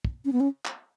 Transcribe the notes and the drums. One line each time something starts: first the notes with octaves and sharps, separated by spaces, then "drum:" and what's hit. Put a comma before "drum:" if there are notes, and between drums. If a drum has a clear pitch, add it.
drum: kick
C#4
B3
C#4
drum: clap